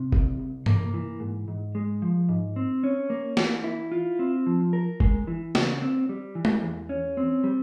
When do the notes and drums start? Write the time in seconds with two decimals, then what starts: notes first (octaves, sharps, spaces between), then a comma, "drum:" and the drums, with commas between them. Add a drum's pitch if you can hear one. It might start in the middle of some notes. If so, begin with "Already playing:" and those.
Already playing: C3
0.12 C2, drum: kick F#1
0.39 C2
0.66 A#3, drum: tom G2
0.94 E3
1.20 G#2
1.48 G#2
1.75 G#3
2.02 F3
2.29 G#2
2.56 C4
2.84 C#4
3.10 A#3
3.37 E3, drum: snare
3.64 E4
3.92 F4
4.19 C4
4.46 F3
4.73 A#4
5.00 G#3, drum: kick F#1
5.27 E3
5.55 C#3, drum: snare
5.82 C4
6.09 G3
6.35 E3
6.45 drum: tom G#3
6.63 E2
6.89 C#4
7.17 C4
7.44 G3